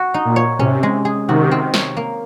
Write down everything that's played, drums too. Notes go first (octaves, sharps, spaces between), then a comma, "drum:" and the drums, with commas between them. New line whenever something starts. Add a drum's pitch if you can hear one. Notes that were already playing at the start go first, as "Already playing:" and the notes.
Already playing: F#4
D#4
A#2
C#5
C3 C#4, drum: tom G#2
G#3
G#4
C3 D#3 F#4
C4
C#5, drum: snare
A#3